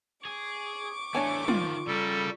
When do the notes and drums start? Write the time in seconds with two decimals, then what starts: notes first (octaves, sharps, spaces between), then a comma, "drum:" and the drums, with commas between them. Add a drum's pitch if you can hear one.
0.25 G#4 C#6 D6
1.15 E2 A3 D4 C#5 G#5
1.48 D#3 F3 F4, drum: tom
1.87 C#3 G3 A4 A#4